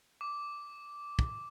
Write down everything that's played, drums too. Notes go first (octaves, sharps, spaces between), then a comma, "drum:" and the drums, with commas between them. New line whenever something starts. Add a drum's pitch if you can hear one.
D6
drum: kick